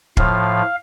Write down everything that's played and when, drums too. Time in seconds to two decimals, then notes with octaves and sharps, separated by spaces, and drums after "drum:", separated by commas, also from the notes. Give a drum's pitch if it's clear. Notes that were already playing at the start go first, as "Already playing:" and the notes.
0.17 A2 F3 F5, drum: kick